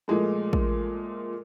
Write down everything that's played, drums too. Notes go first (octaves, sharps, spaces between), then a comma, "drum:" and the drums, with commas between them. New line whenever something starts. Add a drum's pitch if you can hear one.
A#2 F3 G#3 A3
drum: kick